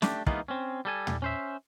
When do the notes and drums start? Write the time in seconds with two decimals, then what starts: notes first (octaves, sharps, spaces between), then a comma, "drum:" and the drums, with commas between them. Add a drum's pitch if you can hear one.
0.02 A3 D4 G4, drum: snare
0.27 E3 G#3 A#3 B3 D#4 F4, drum: kick
0.48 C4 C#4
0.85 G3 A4 G#5
1.07 drum: tom
1.22 C#4 C5 E5